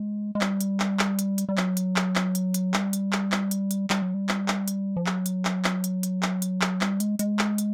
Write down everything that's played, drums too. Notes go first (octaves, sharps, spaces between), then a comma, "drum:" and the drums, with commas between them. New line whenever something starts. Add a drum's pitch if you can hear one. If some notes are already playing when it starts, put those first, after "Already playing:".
Already playing: G#3
G#3
G3, drum: clap
drum: hi-hat
drum: clap
drum: clap
drum: hi-hat
drum: hi-hat
G3
F#3, drum: clap
drum: hi-hat
drum: clap
drum: clap
drum: hi-hat
drum: hi-hat
G3, drum: clap
drum: hi-hat
drum: clap
drum: clap
drum: hi-hat
drum: hi-hat
G3, drum: clap
F#3
G3
drum: clap
drum: clap
drum: hi-hat
F3
F#3, drum: clap
drum: hi-hat
drum: clap
drum: clap
drum: hi-hat
drum: hi-hat
drum: clap
drum: hi-hat
drum: clap
G3, drum: clap
G#3, drum: hi-hat
G#3, drum: hi-hat
drum: clap
drum: hi-hat